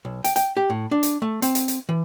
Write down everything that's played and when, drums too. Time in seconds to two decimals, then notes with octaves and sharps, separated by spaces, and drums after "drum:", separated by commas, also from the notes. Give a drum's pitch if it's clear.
0.05 B1
0.24 G5, drum: hi-hat
0.36 G5, drum: hi-hat
0.57 G4
0.70 A2
0.91 D4
1.03 drum: hi-hat
1.22 A3
1.42 C4, drum: hi-hat
1.55 drum: hi-hat
1.68 drum: hi-hat
1.89 E3